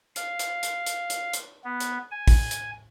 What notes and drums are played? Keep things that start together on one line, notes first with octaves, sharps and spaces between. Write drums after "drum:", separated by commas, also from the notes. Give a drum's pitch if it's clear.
F5, drum: hi-hat
drum: hi-hat
drum: hi-hat
drum: hi-hat
drum: hi-hat
drum: hi-hat
B3
drum: hi-hat
G#5
drum: kick, open hi-hat
drum: hi-hat